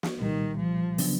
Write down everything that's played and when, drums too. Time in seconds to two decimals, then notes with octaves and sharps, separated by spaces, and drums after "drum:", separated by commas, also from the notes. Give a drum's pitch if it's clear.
0.03 drum: snare
0.20 C2 A#2 D#3 G3
0.59 F3
0.98 C#3 F#3 B3 D4, drum: open hi-hat